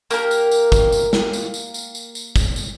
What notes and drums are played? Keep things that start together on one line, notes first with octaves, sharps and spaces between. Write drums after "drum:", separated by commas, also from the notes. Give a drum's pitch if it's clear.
A#3 G4 A#4, drum: tambourine
drum: tambourine
drum: tambourine
drum: kick, tambourine
drum: tambourine
drum: snare
drum: tambourine
drum: tambourine
drum: tambourine
drum: tambourine
drum: tambourine
drum: kick, tambourine
drum: tambourine